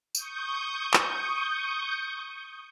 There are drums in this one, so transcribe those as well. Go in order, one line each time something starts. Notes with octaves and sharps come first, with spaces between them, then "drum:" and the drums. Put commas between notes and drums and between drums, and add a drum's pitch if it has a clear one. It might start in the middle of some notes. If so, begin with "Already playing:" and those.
C#6 D#6 G6, drum: tambourine
drum: clap